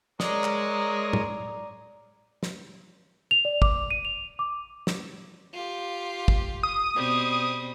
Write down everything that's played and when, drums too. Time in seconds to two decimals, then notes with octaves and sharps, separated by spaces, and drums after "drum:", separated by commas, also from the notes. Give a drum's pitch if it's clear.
0.20 G#3 A#4 C#5 D5 A#5 D6 D#6, drum: snare
0.44 drum: clap
1.13 drum: tom
2.43 drum: snare
3.31 F7
3.45 D5
3.62 D6, drum: kick
3.91 D#7
4.05 F7
4.39 D6
4.87 drum: snare
5.53 F4 G4
6.28 drum: kick
6.63 D#6
6.95 B2 G3 C4